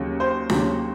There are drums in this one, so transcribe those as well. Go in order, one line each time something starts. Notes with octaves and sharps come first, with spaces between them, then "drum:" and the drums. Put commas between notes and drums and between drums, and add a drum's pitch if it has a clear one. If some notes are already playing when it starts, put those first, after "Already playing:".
Already playing: D#2 C#3 F#3
C5
D#2 C#3 F#3, drum: snare D4